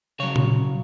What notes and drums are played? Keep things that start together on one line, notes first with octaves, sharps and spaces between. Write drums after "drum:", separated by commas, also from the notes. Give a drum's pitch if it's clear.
C#3 F#3 C#5
drum: tom A#2